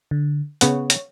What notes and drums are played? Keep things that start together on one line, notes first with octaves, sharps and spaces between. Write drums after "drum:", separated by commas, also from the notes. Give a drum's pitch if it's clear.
D3
C#3 B3 C#5 F#5, drum: hi-hat
drum: hi-hat